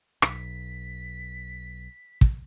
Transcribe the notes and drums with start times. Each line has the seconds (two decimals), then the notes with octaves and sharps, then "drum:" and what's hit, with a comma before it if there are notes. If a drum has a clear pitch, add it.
0.22 B1 B6, drum: rim click
2.21 drum: kick